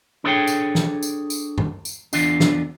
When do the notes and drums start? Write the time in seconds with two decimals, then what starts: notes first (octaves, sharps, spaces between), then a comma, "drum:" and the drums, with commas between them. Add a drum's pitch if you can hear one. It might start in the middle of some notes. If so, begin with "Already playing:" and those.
0.24 D4 E4 G#4 A4 C#5 G5
0.48 drum: tambourine
0.75 drum: snare
1.03 drum: tambourine
1.30 drum: tambourine
1.58 drum: tom F#2
1.85 drum: tambourine
2.13 E2 D3 D4 F4, drum: tambourine
2.40 drum: snare